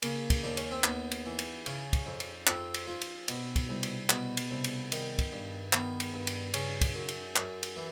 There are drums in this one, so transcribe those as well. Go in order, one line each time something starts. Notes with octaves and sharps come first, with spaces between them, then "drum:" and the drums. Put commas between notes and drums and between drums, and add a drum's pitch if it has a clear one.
C#3 A#3, drum: cymbal
drum: kick, cymbal
D#2 D4
C#4, drum: cymbal
C4
D#2 B3, drum: clap
drum: cymbal
E3
drum: cymbal
C#3 C#4, drum: cymbal
drum: kick, cymbal
F2
drum: cymbal
F2 C4, drum: clap
drum: cymbal
F3
drum: cymbal
B2, drum: cymbal
drum: kick, cymbal
C2
drum: cymbal
B2 B3, drum: clap
drum: cymbal
C2
drum: cymbal
D#3, drum: cymbal
drum: kick, cymbal
G2
D#3 B3, drum: clap
drum: cymbal
G2
drum: cymbal
C#3 C#4, drum: cymbal
drum: kick, cymbal
F#2
drum: cymbal
F#2, drum: clap
drum: cymbal
E3